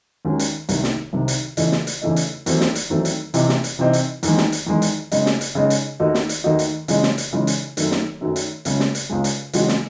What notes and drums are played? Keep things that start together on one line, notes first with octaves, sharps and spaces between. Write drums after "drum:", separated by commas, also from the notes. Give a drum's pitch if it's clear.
D#2 D#3 G#3 C#4 F#4
drum: hi-hat
C2 C3 D#3, drum: hi-hat
drum: snare
C2 C3 D#3
drum: hi-hat
E2 C#3 E3 A3 D#4, drum: hi-hat
drum: snare
drum: hi-hat
E2 C#3 E3 A3 D#4
drum: hi-hat
E2 D#3 F#3 A3 C4, drum: hi-hat
drum: snare
drum: hi-hat
E2 D#3 F#3 A3 C4
drum: hi-hat
C3 E3 C4 D#4, drum: hi-hat
drum: snare
drum: hi-hat
C3 E3 C4 D#4
drum: hi-hat
E2 D#3 G#3, drum: hi-hat
drum: snare
drum: hi-hat
E2 D#3 G#3
drum: hi-hat
C#3 G#3 D#4, drum: hi-hat
drum: snare
drum: hi-hat
C#3 G#3 D#4
drum: hi-hat
D#2 D#3 A3 D#4 F#4
drum: snare
drum: hi-hat
D#2 D#3 A3 D#4 F#4
drum: hi-hat
C#3 E3 G#3 D#4, drum: hi-hat
drum: snare
drum: hi-hat
C#3 E3 G#3 D#4
drum: hi-hat
F#2 D#3 F#3 A3, drum: hi-hat
drum: snare
F#2 D#3 F#3 A3
drum: hi-hat
C#2 C#3 G#3, drum: hi-hat
drum: snare
drum: hi-hat
C#2 C#3 G#3
drum: hi-hat
C#3 E3 G#3 D#4 F#4, drum: hi-hat
drum: snare